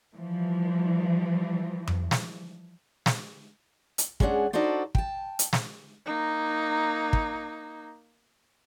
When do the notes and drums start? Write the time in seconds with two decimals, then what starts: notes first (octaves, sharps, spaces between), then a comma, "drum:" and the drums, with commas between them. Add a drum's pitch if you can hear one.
0.15 E3 F3 G3
1.88 drum: tom F2
2.11 drum: snare
3.06 drum: snare
3.98 drum: hi-hat
4.20 G#3 C#4 D4 G#4 F#5, drum: kick
4.53 D4 D#4 F#4 A4 C5 D5
4.95 G5 A5, drum: kick
5.39 drum: hi-hat
5.53 drum: snare
6.06 A#3 D#4
7.13 drum: kick